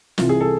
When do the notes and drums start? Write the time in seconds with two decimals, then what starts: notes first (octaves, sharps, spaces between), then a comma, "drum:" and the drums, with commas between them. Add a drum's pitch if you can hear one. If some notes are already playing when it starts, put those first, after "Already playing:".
0.18 C2 C3 E3 F4, drum: snare
0.29 G#4
0.40 A4